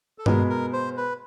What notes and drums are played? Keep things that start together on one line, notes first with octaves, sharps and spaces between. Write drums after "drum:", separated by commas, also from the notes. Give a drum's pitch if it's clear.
A4
B2 G#3 B3 A#4, drum: tom G2
A#4
C5
B4